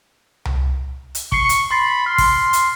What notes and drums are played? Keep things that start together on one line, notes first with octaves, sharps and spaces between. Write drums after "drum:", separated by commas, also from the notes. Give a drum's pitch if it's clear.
drum: tom C2
drum: hi-hat
C#6 C7 G7, drum: kick
drum: hi-hat
B5 C6 A6 C7
C6 F6
drum: kick, open hi-hat
drum: hi-hat